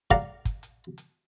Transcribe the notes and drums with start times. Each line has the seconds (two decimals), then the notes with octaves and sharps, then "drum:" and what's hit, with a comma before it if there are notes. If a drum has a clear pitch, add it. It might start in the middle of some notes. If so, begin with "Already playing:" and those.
0.11 D5 F5 F#5 A#5, drum: kick, hi-hat
0.45 drum: kick, hi-hat
0.63 drum: hi-hat
0.98 drum: hi-hat